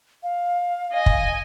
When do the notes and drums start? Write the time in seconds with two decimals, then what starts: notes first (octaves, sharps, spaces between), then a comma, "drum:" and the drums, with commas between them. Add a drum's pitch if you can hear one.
0.23 F5
0.92 D#5 G#5
1.06 drum: kick